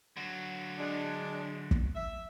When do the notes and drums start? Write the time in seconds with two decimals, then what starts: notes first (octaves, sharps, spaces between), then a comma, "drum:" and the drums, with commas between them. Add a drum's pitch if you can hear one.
0.17 D3 F#3
0.79 G#3 D4
1.71 drum: kick
1.95 E5